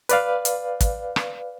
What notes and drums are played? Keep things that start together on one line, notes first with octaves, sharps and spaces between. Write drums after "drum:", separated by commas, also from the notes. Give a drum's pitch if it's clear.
B4 D5 F5, drum: hi-hat
drum: hi-hat
drum: kick, hi-hat
drum: rim click